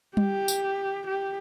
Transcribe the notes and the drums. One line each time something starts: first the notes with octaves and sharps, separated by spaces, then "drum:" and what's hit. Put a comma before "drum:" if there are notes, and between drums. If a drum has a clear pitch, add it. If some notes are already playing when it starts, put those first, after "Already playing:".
G4, drum: tom G3
drum: tambourine
G4